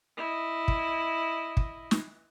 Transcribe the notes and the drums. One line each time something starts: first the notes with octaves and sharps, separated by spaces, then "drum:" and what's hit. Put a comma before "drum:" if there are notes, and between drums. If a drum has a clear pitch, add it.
E4 D#5
drum: kick
drum: kick
drum: snare